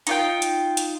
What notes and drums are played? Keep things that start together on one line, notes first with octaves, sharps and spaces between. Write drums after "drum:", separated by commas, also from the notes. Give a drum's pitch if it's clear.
D#4 F4 G5, drum: hi-hat
drum: hi-hat
drum: hi-hat